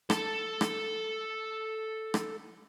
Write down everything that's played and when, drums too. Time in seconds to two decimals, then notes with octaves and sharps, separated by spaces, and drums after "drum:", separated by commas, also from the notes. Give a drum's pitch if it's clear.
0.10 A4 A5, drum: rim click
0.61 drum: rim click
2.14 drum: rim click